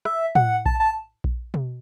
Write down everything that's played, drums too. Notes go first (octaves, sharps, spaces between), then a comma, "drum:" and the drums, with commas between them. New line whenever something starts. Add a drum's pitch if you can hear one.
E5, drum: rim click
F#5, drum: tom A2
A5, drum: kick A#1
A5
drum: kick A#1
drum: tom B2